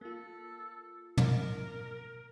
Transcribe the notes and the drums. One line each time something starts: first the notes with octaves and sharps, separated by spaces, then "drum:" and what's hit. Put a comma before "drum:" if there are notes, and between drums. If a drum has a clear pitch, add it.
A#3 F4 A4
A#4, drum: tom